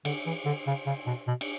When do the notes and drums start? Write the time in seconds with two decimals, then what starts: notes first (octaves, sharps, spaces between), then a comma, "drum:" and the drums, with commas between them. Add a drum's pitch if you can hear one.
0.05 D3, drum: cymbal
0.26 E3
0.45 D3
0.67 C#3
0.86 C#3
1.06 B2
1.27 B2
1.41 drum: cymbal